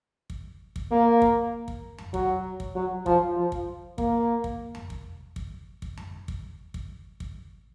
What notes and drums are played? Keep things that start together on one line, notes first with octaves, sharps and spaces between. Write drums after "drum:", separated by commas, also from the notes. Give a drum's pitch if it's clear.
drum: kick
drum: kick
A#3
drum: kick
drum: kick
drum: tom F2
F#3, drum: kick
drum: kick
F#3
F3, drum: kick
F3
drum: kick
A#3, drum: kick
drum: kick
drum: tom F2
drum: kick
drum: kick
drum: kick
drum: tom F2
drum: kick
drum: kick
drum: kick